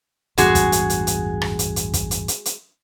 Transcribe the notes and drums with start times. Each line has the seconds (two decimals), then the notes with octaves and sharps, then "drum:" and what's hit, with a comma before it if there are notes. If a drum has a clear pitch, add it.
0.38 A1 E2 G2 G#3 F#4 G#4, drum: hi-hat
0.55 drum: kick, hi-hat
0.72 drum: hi-hat
0.90 drum: hi-hat
1.07 drum: hi-hat
1.42 drum: rim click
1.59 drum: hi-hat
1.76 drum: hi-hat
1.94 drum: kick, hi-hat
2.11 drum: hi-hat
2.28 drum: hi-hat
2.45 drum: hi-hat